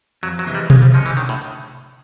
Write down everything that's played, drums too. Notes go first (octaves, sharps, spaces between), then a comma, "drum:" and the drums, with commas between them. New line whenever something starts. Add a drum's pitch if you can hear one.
F2 F#3
F#3
C3 E3 G#3
G3
F3 G#3, drum: tom B2
G3
F3 G#3 C#4
E3
D3 D#3
A2